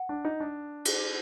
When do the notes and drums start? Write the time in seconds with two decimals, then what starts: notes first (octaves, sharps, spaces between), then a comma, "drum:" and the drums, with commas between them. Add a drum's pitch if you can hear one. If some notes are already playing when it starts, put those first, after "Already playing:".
Already playing: F#5
0.09 D4
0.25 D#4
0.40 D4
0.85 drum: cymbal